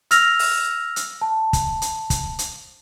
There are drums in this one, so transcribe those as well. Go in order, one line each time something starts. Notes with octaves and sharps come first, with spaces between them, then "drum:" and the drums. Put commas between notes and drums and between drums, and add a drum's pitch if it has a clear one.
E6 F6 A#6 F7, drum: hi-hat
drum: open hi-hat
drum: hi-hat
A5
drum: kick, hi-hat
drum: hi-hat
drum: kick, hi-hat
drum: hi-hat